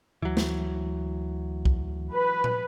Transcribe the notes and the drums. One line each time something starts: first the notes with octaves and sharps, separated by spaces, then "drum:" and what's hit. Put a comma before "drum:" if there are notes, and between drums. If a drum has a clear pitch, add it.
D2 E3 F#3
drum: snare
drum: kick B1
B4
drum: tom A#2